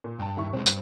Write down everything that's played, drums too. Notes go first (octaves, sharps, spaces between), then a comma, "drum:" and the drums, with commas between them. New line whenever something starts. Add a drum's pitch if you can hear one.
A#2
G2 G5 A5
D#2 E4 C#6
B1 G#3 C4
G2, drum: tambourine